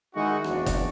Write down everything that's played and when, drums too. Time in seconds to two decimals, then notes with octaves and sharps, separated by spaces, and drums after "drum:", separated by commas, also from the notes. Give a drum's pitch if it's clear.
0.15 D#3 G#3 D#4 E4 F#4
0.44 F#1 E2 D4 F#4, drum: rim click
0.66 drum: kick F#1, hi-hat